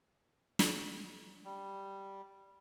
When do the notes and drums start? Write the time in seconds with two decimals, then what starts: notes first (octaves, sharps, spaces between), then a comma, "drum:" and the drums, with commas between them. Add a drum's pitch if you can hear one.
0.59 drum: snare
1.45 G3